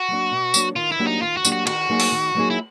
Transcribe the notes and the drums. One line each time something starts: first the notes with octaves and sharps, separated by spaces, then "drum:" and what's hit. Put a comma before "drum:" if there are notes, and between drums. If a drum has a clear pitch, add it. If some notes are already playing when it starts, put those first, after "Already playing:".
Already playing: F#4
F#3 A#3 D4
B2
F#3 A#3 D4, drum: tambourine
D#3 F4
E4
F#3 A#3 D4 G4
D#4
D#3 F4
F#4
F#3 A#3 D4 G4, drum: tambourine
F#4
D#3 F#4, drum: cymbal
F#3 A#3 D#4 G#4
drum: open hi-hat
D#3
F#3 A#3 D#4 G#4
E4